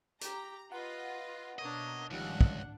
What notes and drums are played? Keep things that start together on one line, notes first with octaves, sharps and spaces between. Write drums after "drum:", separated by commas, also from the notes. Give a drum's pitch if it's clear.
G4 A#5, drum: hi-hat
F4 B4 D#5 F#5
B2 A#3 D4 C#5 D#5
G#1 C#2 D#3 F3 G3 D4 F#5
drum: kick